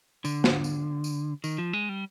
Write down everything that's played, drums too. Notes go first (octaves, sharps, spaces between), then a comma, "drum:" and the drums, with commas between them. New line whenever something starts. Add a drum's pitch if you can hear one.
D3, drum: tambourine
drum: snare
drum: tambourine
drum: tambourine
D#3, drum: tambourine
F3
G#3
G3